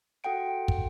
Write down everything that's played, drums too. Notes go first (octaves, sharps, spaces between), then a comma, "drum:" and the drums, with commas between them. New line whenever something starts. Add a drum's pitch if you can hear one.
F#4 A4 F#5 G5 D7
drum: kick